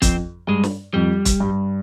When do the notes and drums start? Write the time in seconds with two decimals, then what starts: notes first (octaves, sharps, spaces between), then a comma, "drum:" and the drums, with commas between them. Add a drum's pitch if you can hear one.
0.02 F2 C4, drum: kick, hi-hat
0.47 G2 G#3
0.63 drum: snare
0.94 F2 G3
1.25 drum: kick, hi-hat
1.40 G2